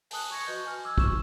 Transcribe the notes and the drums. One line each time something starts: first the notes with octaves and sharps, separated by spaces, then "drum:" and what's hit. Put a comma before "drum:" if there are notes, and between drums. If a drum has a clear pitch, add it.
G#5 A5 D#6 F#6, drum: open hi-hat
C#6 G#6 A#6 C#7
F#4 B4 D#5 G6
G#5 F6
D6 E6 F6 G#6
C#6 E7, drum: kick